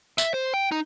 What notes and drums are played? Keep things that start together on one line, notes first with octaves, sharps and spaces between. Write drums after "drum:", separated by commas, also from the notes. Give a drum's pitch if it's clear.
E5, drum: tambourine
C5
G5
D#4